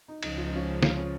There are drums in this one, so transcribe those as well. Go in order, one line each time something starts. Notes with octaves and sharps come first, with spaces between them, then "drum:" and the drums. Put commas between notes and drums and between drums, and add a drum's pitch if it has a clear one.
D#4
C#2 C#3 F3 D#4, drum: cymbal
F4
D#4
C#4 F4
C#4 F4, drum: snare
C#4